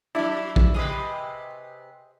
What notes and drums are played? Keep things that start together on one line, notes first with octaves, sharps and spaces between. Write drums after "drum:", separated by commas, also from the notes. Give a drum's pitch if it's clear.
F#3 D4 E4 D5 E5
drum: kick A#1
C3 G4 G#4 B4 D#5